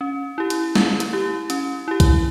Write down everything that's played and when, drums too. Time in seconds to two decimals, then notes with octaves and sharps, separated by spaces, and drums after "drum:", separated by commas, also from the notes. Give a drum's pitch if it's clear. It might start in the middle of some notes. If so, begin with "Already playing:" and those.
0.01 C#4
0.38 E4 G4
0.50 drum: hi-hat
0.75 C#4, drum: snare
1.00 drum: hi-hat
1.13 E4 G4
1.50 C#4, drum: hi-hat
1.88 E4 G4
2.00 drum: kick B1, hi-hat